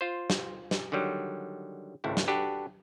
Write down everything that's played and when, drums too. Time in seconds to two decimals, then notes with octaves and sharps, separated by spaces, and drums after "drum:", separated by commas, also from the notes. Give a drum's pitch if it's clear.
0.01 F4 C5
0.30 drum: snare
0.71 drum: snare
0.92 D3 D#3 F#3 G3
2.04 G#1 C#2 A2 E4
2.17 drum: snare
2.28 D4 F#4 G4 A4 B4